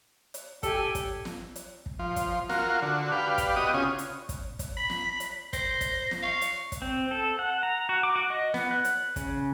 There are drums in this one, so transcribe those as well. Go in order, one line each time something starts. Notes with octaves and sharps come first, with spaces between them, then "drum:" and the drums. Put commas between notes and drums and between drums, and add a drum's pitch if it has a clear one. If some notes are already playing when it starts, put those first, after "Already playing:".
drum: hi-hat
G4 A4 G#5, drum: kick, hi-hat
drum: kick, hi-hat
drum: snare
drum: hi-hat
drum: kick
F3
drum: kick, hi-hat
F4 F#4 A#4, drum: snare
D3 F#4
G4 B4 D5 F5
drum: kick, hi-hat
B3 F#4 G4 D#5 D#6
C#3 C#4 F4
drum: hi-hat
drum: kick, hi-hat
drum: kick, hi-hat
B5 B6
drum: snare
drum: hi-hat
C5 A#6, drum: kick, hi-hat
drum: kick, hi-hat
drum: snare
F5 C#6
drum: hi-hat
drum: kick, hi-hat
C4
A4
F#5
A#5
F#4
D6
F#4
D#5
B3, drum: snare
F#6
drum: hi-hat
C#3, drum: kick, hi-hat